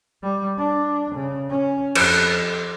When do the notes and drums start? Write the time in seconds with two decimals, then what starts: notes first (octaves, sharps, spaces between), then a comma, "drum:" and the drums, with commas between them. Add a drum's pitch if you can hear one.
0.23 G3
0.58 D4
1.15 C#3
1.50 C#4
1.95 F2, drum: cymbal